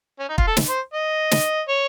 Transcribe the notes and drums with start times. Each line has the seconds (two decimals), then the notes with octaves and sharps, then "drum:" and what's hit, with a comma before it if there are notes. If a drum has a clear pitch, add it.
0.19 C#4
0.29 D#4
0.38 F4, drum: kick
0.47 A4
0.57 drum: snare
0.69 C5
0.94 D#5
1.31 drum: snare
1.69 C#5